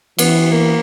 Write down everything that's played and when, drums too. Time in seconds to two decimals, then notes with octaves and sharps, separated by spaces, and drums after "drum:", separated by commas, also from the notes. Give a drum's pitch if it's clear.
0.19 E3 B3, drum: cymbal
0.52 A#3